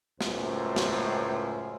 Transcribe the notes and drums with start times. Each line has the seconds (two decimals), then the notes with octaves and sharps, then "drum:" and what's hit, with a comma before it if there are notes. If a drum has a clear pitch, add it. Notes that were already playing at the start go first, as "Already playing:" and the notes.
0.21 C#2 F#2 A2 C5, drum: snare
0.76 drum: snare